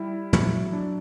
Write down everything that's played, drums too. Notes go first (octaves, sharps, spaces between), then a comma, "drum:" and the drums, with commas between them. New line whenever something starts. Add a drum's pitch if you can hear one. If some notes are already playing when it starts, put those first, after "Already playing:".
Already playing: G3 E4
F#3, drum: tom
D4